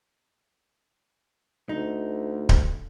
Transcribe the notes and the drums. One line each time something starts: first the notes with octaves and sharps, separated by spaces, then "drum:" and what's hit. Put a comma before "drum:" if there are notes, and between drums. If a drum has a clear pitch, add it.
D2 D#4
drum: kick D1